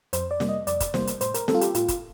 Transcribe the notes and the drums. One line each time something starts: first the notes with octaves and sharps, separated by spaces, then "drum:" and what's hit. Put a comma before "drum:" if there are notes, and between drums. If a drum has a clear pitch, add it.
F2 C5, drum: hi-hat
D5
C3 G3 A#3, drum: snare
D#5
F2 D5, drum: hi-hat
drum: kick, hi-hat
C3 G3 A#3 C5, drum: snare
drum: hi-hat
A2 C5, drum: hi-hat
A#4, drum: hi-hat
G3 C4 A4, drum: snare
F4
G4, drum: hi-hat
A2 F4, drum: hi-hat
drum: kick, hi-hat